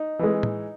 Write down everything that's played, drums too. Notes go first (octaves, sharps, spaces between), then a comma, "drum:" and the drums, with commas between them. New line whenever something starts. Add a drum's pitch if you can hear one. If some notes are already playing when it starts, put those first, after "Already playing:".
Already playing: D#4
E3 G#3
drum: tom